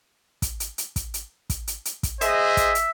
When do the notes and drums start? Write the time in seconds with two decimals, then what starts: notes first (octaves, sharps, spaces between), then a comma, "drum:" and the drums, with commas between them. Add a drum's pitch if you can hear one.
0.42 drum: kick, hi-hat
0.60 drum: hi-hat
0.78 drum: hi-hat
0.96 drum: kick, hi-hat
1.14 drum: hi-hat
1.50 drum: kick, hi-hat
1.67 drum: hi-hat
1.85 drum: hi-hat
2.03 drum: kick, hi-hat
2.21 G#4 C5 D#5 E5, drum: hi-hat
2.57 drum: kick, hi-hat
2.75 drum: hi-hat